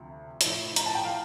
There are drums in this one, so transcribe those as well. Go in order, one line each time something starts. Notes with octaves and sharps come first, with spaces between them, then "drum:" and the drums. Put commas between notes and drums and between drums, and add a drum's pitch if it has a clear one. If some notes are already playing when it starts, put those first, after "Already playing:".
Already playing: D2 C3 F3
A2 F3, drum: hi-hat
A#5, drum: hi-hat
A5
G5
F5